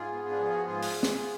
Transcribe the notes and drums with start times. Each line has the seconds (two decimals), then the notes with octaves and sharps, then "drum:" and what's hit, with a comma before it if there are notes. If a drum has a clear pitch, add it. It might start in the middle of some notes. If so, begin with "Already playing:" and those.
Already playing: G#2 F4 G#4
0.12 B3
0.30 D4
0.39 F3 F4
0.54 F#4
0.66 G#2 F4 G#4
0.82 drum: open hi-hat
0.93 G#2
1.03 drum: snare
1.20 B3